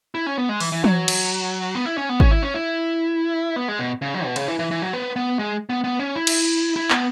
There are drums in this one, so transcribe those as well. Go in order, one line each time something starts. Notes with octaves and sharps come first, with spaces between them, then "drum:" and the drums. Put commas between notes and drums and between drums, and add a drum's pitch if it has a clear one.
E4
C#4
B3
G#3
E3, drum: open hi-hat
E3
F#3, drum: tom
drum: cymbal
B3
E4
C#4
B3
C#4, drum: kick G#1
E4
C#4
E4
B3
G#3
B2
C#3
F#3
B2
C#3, drum: cymbal
E3
E3
E3
F#3
B3
B3
G#3
B3
B3
C#4
E4
drum: cymbal
E4
B3, drum: clap